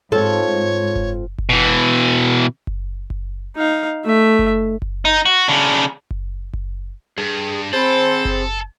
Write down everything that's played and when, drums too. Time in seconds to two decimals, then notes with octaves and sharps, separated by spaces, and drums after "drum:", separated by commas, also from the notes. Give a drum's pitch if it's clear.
0.12 G#2 C4 F4 A4 C#5
0.96 drum: kick F#1
1.38 drum: kick F#1
1.49 B2 E3
2.67 drum: kick F#1
3.10 drum: kick F#1
3.56 D#4 F5
4.04 A3 E5
4.39 drum: kick F#1
4.82 drum: kick F#1
5.05 D#4
5.26 F#4
5.48 C#3 D4
6.11 drum: kick F#1
6.53 drum: kick F#1
7.18 G2 G#4
7.73 C4 G#4 A4 C5 B5
8.25 drum: kick F#1